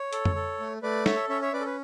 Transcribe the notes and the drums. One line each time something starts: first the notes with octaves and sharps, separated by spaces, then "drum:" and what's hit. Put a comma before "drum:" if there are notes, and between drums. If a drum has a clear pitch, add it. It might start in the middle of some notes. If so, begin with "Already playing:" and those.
Already playing: C#5
A4, drum: hi-hat
drum: tom F2
A4
A3
A3 B4 D5
A4 C#5 E5, drum: snare
C#4 C#5 E5
C#5 E5
C#4 B4 D5
A4
B4